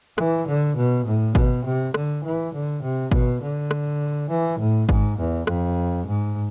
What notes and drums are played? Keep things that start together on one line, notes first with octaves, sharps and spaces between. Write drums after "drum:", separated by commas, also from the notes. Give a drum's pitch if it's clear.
E3, drum: rim click
D3
B2
A2
B2, drum: kick G#1
C3
D3, drum: rim click
E3
D3
C3
B2, drum: kick G#1
D3
drum: rim click
E3
A2
G#2, drum: kick G#1
E2
F2, drum: rim click
G#2